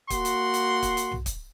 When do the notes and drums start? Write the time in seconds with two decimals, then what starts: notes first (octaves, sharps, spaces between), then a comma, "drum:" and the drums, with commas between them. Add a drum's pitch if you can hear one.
0.10 A#3 F#4 F#5 C6, drum: kick, hi-hat
0.25 drum: hi-hat
0.54 drum: hi-hat
0.83 drum: kick, hi-hat
0.97 drum: hi-hat
1.11 drum: tom B1
1.26 drum: kick, hi-hat